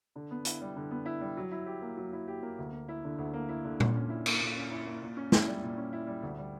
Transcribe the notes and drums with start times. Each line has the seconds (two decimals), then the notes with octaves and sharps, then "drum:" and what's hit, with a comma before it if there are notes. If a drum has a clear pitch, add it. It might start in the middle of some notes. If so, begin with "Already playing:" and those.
0.16 D3
0.31 B3
0.45 E4, drum: hi-hat
0.61 G3
0.76 D3
0.91 B3
1.06 E4
1.21 G3
1.37 F#3
1.52 E4
1.66 G4
1.82 A#3
1.97 F#3
2.13 E4
2.28 G4
2.43 A#3
2.58 D2
2.73 A#3
2.89 E4
3.04 D3
3.18 D2
3.34 A#3
3.49 E4
3.65 D3
3.80 A#2, drum: tom A#2
3.95 C#4
4.10 E4
4.26 A#3, drum: cymbal
4.41 A#2
4.56 C#4
4.71 E4
4.86 A#3
5.01 A#2
5.17 C#4
5.32 E4, drum: snare
5.47 G3
5.63 A#2
5.77 C#4
5.93 E4
6.07 G3
6.22 D2
6.39 G3